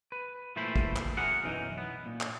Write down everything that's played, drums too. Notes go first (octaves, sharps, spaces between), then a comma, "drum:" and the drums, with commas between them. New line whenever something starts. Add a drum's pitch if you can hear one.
B4
A#2 E3 A3 E4 C5 B5
drum: kick
drum: clap
F#4 G#4 A#4 F#5
B1 F#2 E3 D#4
B3
A#2
drum: clap